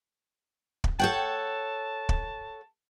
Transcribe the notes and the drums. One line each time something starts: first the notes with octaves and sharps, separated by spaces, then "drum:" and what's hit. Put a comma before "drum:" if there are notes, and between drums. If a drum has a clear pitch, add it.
drum: kick
A4 C#5 F#5 G5 A5
drum: kick